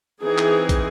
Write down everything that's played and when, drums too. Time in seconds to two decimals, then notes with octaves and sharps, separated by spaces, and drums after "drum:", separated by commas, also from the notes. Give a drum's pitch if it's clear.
0.23 E3 C4 D#4 G#4
0.38 drum: clap
0.69 drum: kick, hi-hat